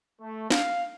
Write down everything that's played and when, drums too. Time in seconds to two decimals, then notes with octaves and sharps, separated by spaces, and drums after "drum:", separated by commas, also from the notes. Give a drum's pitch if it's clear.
0.20 A3
0.50 F5, drum: snare